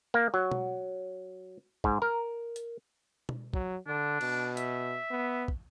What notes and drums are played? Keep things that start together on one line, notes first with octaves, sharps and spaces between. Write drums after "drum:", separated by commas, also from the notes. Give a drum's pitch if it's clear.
A#3
F#3
drum: tom B2
G#2, drum: kick
A#4
drum: hi-hat
drum: tom B2
F#3, drum: kick
D3 D4
B2, drum: cymbal
E5, drum: hi-hat
B3
drum: kick